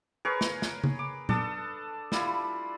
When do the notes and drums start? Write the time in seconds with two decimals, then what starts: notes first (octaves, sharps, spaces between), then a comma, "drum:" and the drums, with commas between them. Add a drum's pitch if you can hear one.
0.25 G#4 A#4 B4 C#5
0.41 drum: snare
0.62 drum: snare
0.84 drum: tom C#3
0.99 D6
1.29 D4 A4 A5 D#6, drum: tom A#2
2.12 G3 E4 F4, drum: snare